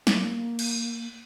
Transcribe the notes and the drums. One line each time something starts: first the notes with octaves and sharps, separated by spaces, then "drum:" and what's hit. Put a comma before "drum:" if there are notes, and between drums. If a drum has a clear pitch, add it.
A#3, drum: snare
drum: cymbal